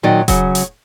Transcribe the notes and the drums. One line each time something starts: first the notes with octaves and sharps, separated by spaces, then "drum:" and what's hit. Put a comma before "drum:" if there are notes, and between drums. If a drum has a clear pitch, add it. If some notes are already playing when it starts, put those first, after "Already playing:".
A#2 D#3 F#3 D#4 D5
C#3 F#3, drum: kick E1, hi-hat
drum: hi-hat